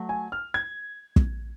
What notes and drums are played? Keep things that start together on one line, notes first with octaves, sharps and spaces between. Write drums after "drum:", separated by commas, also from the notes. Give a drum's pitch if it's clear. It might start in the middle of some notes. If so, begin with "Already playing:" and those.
Already playing: F#3 A3
G#5
F6
G#6
drum: kick